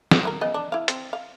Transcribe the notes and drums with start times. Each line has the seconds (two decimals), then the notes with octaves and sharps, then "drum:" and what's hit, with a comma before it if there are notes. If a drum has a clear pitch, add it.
0.11 drum: snare
0.23 F#3 F4 A#4
0.41 C#3 B3 D#5
0.54 D4
0.72 E4 F5
0.88 C4, drum: hi-hat
1.13 F5